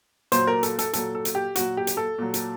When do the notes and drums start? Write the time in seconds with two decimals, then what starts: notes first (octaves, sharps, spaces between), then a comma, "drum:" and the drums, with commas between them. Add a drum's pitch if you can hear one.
0.32 A#2 F#3 C5, drum: hi-hat
0.47 A#4
0.63 A4, drum: hi-hat
0.79 A4, drum: hi-hat
0.93 A#2 F#3 A4, drum: hi-hat
1.15 A4
1.25 drum: hi-hat
1.35 G4
1.56 A#2 F#3 F#4, drum: hi-hat
1.77 G4
1.87 drum: hi-hat
1.97 A4
2.18 A#2 F#3
2.34 drum: hi-hat